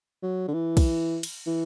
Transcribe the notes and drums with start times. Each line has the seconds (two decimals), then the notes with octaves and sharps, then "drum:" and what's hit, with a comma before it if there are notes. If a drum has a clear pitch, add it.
0.23 F#3
0.48 D3
0.54 E3
0.77 drum: kick, cymbal
1.23 drum: cymbal
1.46 E3